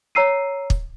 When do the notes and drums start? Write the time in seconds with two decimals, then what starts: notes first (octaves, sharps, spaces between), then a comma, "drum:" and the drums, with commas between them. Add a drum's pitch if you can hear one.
0.15 C#5 A#5 E6 C7 D#7
0.70 drum: kick